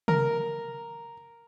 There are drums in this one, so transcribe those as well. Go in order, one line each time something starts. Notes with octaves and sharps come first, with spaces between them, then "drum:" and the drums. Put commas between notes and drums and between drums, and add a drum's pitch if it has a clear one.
A#4, drum: tom